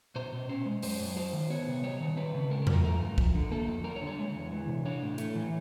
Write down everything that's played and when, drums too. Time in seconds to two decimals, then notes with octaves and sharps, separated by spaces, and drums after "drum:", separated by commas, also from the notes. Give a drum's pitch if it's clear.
0.16 B2 C5
0.33 B2
0.49 C#4 C5
0.66 G#3
0.83 F#2 C5, drum: open hi-hat
1.00 F#2
1.16 F#3 C5
1.33 D#3
1.50 B3 C#5
1.67 C3
1.84 G3 C#5
2.00 D#3
2.16 C4 B4
2.34 C#3
2.50 G#3 A#4
2.62 A#4
2.67 F3, drum: tom E2
2.73 A#4
2.84 A3 A#4
3.01 G2
3.18 F3, drum: kick
3.34 D3
3.51 A#3 A4
3.68 F2
3.84 G3 A#4
3.96 C#5
4.02 D3
4.07 C#5
4.18 G#3
4.35 E2
4.52 E3
4.68 C3
4.85 D4 C#5
5.02 A2
5.18 A3, drum: hi-hat
5.35 E3